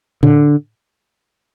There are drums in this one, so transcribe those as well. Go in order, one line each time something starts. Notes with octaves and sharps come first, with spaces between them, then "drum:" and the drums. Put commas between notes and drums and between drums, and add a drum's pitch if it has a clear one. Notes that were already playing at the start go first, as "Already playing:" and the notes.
D3, drum: tom A2